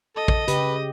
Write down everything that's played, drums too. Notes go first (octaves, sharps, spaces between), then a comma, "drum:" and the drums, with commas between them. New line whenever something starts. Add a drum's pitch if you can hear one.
A4 D#5
drum: kick
C#3 G4 B4, drum: hi-hat